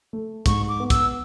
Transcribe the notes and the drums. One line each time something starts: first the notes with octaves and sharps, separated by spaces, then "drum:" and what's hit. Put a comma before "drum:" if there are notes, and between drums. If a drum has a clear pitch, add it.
A3
G#2 C#6, drum: kick, hi-hat
D6
B3
E6, drum: kick, hi-hat